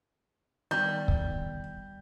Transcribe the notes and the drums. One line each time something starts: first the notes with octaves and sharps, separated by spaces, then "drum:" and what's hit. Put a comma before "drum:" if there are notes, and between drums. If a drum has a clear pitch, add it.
D#3 G3 B3 G6
drum: kick